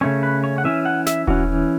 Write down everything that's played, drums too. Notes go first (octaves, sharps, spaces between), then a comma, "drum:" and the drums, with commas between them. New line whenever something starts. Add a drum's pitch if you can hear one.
C#3 A3 C#4 C#5
B4
C#5
F#5
E3 C#4 E5
F#5
E5, drum: snare
E3 C#4 F#4, drum: kick D#1